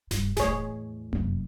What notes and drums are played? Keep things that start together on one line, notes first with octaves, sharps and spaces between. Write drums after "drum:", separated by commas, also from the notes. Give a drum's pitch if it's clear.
G2, drum: snare E1
E2 A2 G#4 C#5, drum: snare E1
F1 F#2, drum: tom A#3